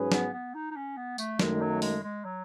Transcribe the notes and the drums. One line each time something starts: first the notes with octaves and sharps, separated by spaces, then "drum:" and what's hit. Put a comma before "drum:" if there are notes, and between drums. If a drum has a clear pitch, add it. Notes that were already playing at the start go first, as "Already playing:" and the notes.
Already playing: G#2 F#3 C#4 G#4 B4
B3, drum: snare
B3
D#4
D#4
C#4
B3
A3, drum: tambourine
F#2 D#3 G#3 A3, drum: snare
F#3
G#3, drum: open hi-hat
G#3
F#3